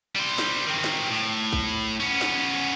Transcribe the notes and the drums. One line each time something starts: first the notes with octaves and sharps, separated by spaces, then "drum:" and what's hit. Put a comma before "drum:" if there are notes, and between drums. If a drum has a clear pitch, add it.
G3 C5
drum: snare
D#3 C4
drum: snare
A2
drum: kick
B3 C#4
drum: snare